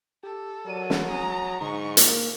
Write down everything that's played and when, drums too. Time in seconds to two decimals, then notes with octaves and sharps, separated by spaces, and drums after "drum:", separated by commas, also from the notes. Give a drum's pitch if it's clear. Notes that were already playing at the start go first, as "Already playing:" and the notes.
0.23 G4 A4
0.66 F#3 A#4 D5 D#7
0.90 drum: snare
1.08 G#5 A#5 D#6
1.61 G#2 D3 D#4 C#6
1.97 A#3, drum: hi-hat